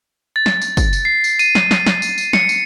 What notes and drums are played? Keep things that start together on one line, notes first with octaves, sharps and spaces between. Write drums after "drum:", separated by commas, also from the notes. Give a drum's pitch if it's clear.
A6
drum: snare
drum: tambourine
drum: kick, tambourine
drum: tambourine
C7
drum: tambourine
D#7, drum: tambourine
drum: snare
drum: snare
drum: snare
drum: tambourine
drum: tambourine
C#7, drum: snare
drum: tambourine